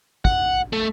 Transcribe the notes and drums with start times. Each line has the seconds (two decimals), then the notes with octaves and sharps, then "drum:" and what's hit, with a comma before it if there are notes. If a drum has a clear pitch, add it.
0.25 F#5, drum: kick
0.73 A3